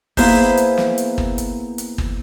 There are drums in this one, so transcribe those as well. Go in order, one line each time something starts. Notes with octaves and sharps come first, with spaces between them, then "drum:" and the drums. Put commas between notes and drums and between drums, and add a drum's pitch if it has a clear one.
A#3 B3 E4 G#4 B4 C5, drum: kick, open hi-hat
drum: hi-hat
drum: snare
drum: hi-hat
drum: kick
drum: hi-hat
drum: hi-hat
drum: kick